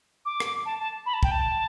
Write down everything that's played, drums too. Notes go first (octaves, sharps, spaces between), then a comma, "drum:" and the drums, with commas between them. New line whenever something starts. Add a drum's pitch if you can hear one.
D6
drum: rim click
A5
A5
B5
A5
G5, drum: kick
A5